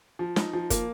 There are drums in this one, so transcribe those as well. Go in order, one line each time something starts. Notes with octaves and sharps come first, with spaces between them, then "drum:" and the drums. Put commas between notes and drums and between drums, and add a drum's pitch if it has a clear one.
F3
D#4, drum: snare
F3
A#3, drum: kick F#1, hi-hat